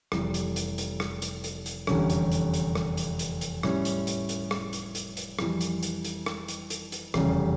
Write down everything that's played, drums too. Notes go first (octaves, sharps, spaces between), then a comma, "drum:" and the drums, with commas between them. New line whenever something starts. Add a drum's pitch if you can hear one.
F1 F2 E3 G3, drum: rim click
drum: hi-hat
drum: hi-hat
drum: hi-hat
drum: rim click
drum: hi-hat
drum: hi-hat
drum: hi-hat
F1 E2 D3 G3 C#4, drum: rim click
drum: hi-hat
drum: hi-hat
drum: hi-hat
drum: rim click
drum: hi-hat
drum: hi-hat
drum: hi-hat
A2 G3 C#4, drum: rim click
drum: hi-hat
drum: hi-hat
drum: hi-hat
drum: rim click
drum: hi-hat
drum: hi-hat
drum: hi-hat
F2 E3 G3, drum: rim click
drum: hi-hat
drum: hi-hat
drum: hi-hat
drum: rim click
drum: hi-hat
drum: hi-hat
drum: hi-hat
F1 E2 C#3 G3 C#4, drum: rim click